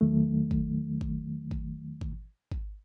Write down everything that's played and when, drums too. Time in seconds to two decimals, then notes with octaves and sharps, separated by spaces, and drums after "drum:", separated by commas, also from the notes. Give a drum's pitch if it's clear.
0.01 E2 D#3 F#3 A3
0.51 drum: kick G#1
1.01 drum: kick G#1
1.51 drum: kick G#1
2.01 drum: kick G#1
2.52 drum: kick G#1